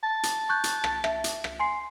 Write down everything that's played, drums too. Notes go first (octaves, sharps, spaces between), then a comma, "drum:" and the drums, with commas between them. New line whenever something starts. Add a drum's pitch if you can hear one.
A5
drum: hi-hat
C#6 F#6 G6
drum: hi-hat
drum: rim click
E5, drum: rim click
drum: hi-hat
drum: rim click
G#5 C6 C7